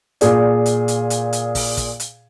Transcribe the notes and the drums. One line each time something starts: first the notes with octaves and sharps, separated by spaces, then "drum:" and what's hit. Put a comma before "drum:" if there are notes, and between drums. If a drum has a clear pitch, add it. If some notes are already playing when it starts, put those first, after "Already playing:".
A#2 G#4 D5, drum: hi-hat
drum: hi-hat
drum: hi-hat
drum: hi-hat
drum: hi-hat
drum: kick, open hi-hat
drum: kick, hi-hat
drum: hi-hat